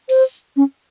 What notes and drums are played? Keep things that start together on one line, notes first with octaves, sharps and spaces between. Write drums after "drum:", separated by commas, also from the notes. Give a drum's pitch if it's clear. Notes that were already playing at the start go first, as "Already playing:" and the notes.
C5, drum: open hi-hat
C#4